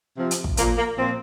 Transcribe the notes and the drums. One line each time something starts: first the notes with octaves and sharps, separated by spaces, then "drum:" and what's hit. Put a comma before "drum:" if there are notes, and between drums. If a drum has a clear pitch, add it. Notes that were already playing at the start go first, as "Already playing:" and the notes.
C3 F3
drum: hi-hat
drum: kick
A#2 F3 A#3, drum: hi-hat
A#3
A#2 F3 C4